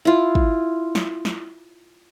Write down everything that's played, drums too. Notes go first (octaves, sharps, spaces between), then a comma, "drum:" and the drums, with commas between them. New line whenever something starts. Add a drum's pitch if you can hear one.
E4 F4
drum: kick
drum: snare
drum: snare